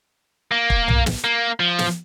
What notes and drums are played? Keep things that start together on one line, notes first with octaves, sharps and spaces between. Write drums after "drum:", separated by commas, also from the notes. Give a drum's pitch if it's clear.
A#3
drum: kick
drum: tom B1
drum: snare
A#3
F3
drum: snare